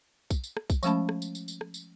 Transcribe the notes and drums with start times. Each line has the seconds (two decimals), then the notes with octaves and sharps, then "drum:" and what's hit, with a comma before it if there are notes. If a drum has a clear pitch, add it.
0.31 drum: kick B1, tambourine
0.44 drum: tambourine
0.57 drum: rim click
0.70 drum: kick B1, tambourine
0.83 F3 G#3 A3 C#4 A5 B5, drum: tambourine
1.09 drum: rim click
1.22 drum: tambourine
1.35 drum: tambourine
1.48 drum: tambourine
1.61 drum: rim click
1.74 drum: tambourine